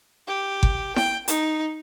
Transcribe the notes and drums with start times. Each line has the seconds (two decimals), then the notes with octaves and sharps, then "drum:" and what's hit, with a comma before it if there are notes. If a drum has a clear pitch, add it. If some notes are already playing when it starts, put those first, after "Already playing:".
0.28 G4
0.63 drum: kick G1
0.96 G5, drum: snare E4
1.28 D#4, drum: hi-hat